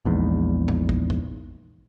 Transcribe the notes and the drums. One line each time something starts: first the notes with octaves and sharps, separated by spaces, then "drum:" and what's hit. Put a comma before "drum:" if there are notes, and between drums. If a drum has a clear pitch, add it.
A#1 E2 G#2
drum: tom
drum: kick
drum: kick